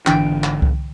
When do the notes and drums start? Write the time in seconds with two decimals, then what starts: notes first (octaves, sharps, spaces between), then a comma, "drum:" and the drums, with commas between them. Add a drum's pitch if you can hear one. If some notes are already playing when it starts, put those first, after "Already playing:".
0.07 G#1 D3 E3 D4 G5 D7, drum: clap
0.44 drum: clap
0.62 drum: kick C2